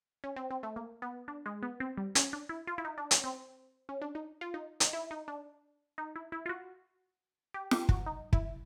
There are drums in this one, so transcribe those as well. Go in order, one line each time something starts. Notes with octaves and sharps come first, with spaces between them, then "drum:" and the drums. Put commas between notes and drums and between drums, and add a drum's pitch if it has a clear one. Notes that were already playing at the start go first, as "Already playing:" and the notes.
C#4
C4
C4
A3
A#3
B3
D4
G#3
B3
C4
G3
C#4, drum: hi-hat
D4
E4
F4
E4
D#4
D4
C#4, drum: hi-hat
C4
C#4
D4
D#4
F4
D#4
D#4, drum: hi-hat
E4
D#4
D4
D#4
E4
E4
F4
F#4
G4
G4, drum: snare
F#4, drum: kick
D#4
E4, drum: kick